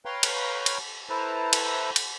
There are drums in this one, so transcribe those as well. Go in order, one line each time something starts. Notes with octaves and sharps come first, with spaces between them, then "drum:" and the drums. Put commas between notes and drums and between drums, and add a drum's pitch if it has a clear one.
B4 C#5 F5 G5 A#5 C6
drum: cymbal
drum: cymbal
E4 A4 B4 C5 A5 A#5
drum: cymbal
drum: cymbal